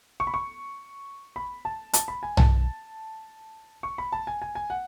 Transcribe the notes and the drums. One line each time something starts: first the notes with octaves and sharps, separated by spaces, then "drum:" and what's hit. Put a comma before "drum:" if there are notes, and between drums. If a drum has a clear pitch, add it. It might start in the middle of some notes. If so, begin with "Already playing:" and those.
C#6
B5
C#6
B5
A5
A5, drum: hi-hat
B5
G#5
A5, drum: tom
C#6
B5
A5
G#5
G#5
G#5
F#5